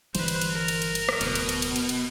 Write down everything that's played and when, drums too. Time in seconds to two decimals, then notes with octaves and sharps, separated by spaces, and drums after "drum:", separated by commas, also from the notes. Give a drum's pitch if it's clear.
0.15 G1 E3 G3 B4 C5, drum: cymbal
0.28 drum: cymbal
0.41 drum: cymbal
0.51 A#4
0.68 drum: cymbal
0.82 drum: cymbal
0.95 drum: cymbal
1.09 drum: rim click
1.21 D1 B2, drum: cymbal
1.35 drum: cymbal
1.49 drum: cymbal
1.62 drum: cymbal
1.76 drum: cymbal
1.89 drum: cymbal